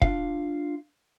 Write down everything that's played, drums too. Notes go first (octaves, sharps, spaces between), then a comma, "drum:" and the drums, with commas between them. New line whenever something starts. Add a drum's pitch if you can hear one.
D4 F4 F5, drum: kick